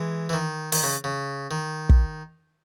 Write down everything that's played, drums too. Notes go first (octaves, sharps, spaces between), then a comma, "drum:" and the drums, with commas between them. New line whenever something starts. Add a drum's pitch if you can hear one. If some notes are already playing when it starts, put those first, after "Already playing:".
Already playing: E3 G#3
E3
D#3
D#3, drum: open hi-hat
C#3
C#3
D#3
drum: kick